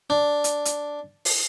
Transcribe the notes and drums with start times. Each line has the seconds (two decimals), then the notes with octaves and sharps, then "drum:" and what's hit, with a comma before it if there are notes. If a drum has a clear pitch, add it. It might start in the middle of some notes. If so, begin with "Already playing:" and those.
0.10 D4
0.44 drum: hi-hat
0.65 drum: hi-hat
1.25 drum: open hi-hat